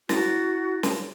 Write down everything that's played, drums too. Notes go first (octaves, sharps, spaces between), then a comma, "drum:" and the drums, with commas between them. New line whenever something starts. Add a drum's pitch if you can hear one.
E4 F#4 A6 A#6, drum: snare
drum: snare